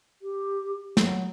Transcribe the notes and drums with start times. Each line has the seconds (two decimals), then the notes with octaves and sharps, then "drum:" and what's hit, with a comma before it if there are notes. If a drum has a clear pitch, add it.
0.22 G4
0.97 F#3, drum: snare